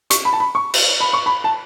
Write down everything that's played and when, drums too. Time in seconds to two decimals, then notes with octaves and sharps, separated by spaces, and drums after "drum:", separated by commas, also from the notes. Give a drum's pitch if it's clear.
0.10 C#6, drum: hi-hat
0.25 B5
0.33 A5
0.40 B5
0.55 C#6
0.74 drum: cymbal
1.00 B5
1.13 C#6
1.26 B5
1.44 A5